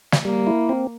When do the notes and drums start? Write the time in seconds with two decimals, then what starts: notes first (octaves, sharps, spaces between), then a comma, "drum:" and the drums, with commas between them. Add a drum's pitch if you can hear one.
0.12 drum: snare
0.25 G3 A#3
0.47 E4
0.69 C4